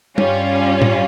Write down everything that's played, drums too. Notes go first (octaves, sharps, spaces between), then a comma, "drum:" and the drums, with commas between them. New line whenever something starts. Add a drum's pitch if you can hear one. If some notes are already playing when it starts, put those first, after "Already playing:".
G2 G3 C#4 F4, drum: tom G3
drum: tom A2